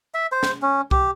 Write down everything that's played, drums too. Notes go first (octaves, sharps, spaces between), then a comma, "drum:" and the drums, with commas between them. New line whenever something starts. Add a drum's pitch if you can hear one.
E5
C5
drum: snare
C#4
G4, drum: kick C2